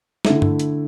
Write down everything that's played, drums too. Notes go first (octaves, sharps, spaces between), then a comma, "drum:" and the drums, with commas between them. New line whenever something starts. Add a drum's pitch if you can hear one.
D3 A3 E4, drum: snare
drum: tom G2
drum: hi-hat